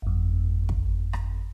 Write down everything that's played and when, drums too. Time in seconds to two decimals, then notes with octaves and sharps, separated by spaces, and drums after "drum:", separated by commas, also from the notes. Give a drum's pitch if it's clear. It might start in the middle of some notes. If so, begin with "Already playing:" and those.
0.02 G1 F2
0.69 drum: kick
1.13 drum: rim click